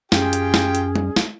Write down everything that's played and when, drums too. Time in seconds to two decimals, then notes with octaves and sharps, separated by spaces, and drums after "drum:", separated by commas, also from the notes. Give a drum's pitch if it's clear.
0.12 F#2 C#4 F4 G4 G#4 G5, drum: snare
0.33 drum: hi-hat
0.54 drum: snare
0.75 drum: hi-hat
0.96 drum: tom G3
1.16 drum: snare